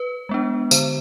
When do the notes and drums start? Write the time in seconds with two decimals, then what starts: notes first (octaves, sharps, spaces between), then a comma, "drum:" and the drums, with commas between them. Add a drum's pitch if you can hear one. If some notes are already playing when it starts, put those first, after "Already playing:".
Already playing: B4
0.29 G#3 B3 D4
0.71 D3 C5, drum: tambourine